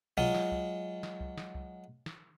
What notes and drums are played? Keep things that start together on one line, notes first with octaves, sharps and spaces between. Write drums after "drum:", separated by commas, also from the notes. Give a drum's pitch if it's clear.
F#3 G#3 F4, drum: kick C2
drum: snare
drum: kick C2
drum: snare
drum: kick C2
drum: snare
drum: kick C2
drum: snare